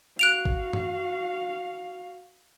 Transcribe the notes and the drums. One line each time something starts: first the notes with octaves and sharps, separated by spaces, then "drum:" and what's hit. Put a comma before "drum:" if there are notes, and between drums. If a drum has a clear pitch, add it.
F#4 F5 F#6 D7 F7
drum: kick
drum: tom F#2